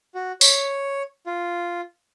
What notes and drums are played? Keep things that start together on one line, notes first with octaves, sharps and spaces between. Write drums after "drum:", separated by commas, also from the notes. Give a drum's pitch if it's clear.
F#4
C#5, drum: tambourine
F4